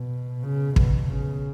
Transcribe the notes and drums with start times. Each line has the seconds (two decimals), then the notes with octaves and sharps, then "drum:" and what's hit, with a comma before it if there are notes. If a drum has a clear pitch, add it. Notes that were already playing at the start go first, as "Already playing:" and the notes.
Already playing: B2
0.44 C#3
0.76 B2, drum: kick
1.10 C#3